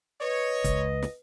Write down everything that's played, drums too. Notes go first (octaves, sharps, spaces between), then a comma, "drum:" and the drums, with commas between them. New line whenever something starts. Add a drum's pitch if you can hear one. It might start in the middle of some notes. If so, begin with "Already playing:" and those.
B4 C#5 D#5
C#2, drum: kick, hi-hat
drum: snare